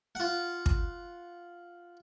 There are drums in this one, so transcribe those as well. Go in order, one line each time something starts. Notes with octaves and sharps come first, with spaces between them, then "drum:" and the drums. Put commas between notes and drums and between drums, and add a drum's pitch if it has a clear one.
F4 F#5
drum: kick